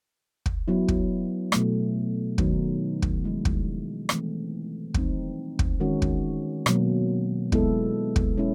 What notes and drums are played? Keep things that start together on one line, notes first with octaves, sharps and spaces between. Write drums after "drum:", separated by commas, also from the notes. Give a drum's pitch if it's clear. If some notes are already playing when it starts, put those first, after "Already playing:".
drum: kick
F#3 B3 E4
drum: kick
B2 F#3 A3, drum: rim click
D#3 F#3 B3 D#4, drum: kick
drum: kick
F3 G#3 C#4 E4
drum: kick
E3 A3 C4, drum: rim click
E3 G3 C4 D#4, drum: kick
drum: kick
D#3 G#3 C#4 F#4 A#4
drum: kick
B2 F#3 A#3, drum: rim click
G#3 B3 E4 A4, drum: kick
drum: kick
G#3 C#4 E4